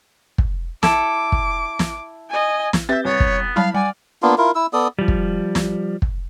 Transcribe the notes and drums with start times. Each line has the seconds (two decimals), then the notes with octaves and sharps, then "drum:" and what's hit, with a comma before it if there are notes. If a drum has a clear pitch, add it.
0.38 drum: kick
0.83 E4 A4 D6, drum: snare
1.32 drum: kick
1.79 drum: snare
2.30 D#5 G#5
2.73 drum: snare
2.89 C4 G4 B4 E5 G6 A6
3.05 C2 B3 C#5
3.20 drum: kick
3.56 F#3 G3 E4 F5 A5 B5 F6
3.74 G3 D5 F#5 G#5
4.23 A#3 B3 D4 F4
4.38 E4 F4 A#4
4.55 E4 E6
4.73 B3 A4 D5 D#6
4.99 F3 G3
5.08 drum: kick
5.55 drum: snare
6.02 drum: kick